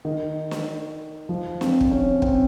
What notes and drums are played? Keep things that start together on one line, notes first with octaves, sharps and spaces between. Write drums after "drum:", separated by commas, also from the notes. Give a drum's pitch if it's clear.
D#3
drum: snare
F3
C4, drum: snare
drum: kick
C#4
C4, drum: kick